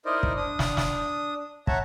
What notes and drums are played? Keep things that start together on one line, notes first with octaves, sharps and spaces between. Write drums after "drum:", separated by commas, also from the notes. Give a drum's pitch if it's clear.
D#4 E4 A#4 C5 D5 D#5
drum: kick
D4 D#6
drum: snare
drum: snare
C#5 E5 F#5 A5 A#5, drum: kick